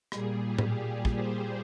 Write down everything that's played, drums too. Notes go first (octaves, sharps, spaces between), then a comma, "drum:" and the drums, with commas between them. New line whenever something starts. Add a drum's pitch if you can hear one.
A#2 G3 G#4, drum: rim click
G4
drum: tom A2
drum: kick
C5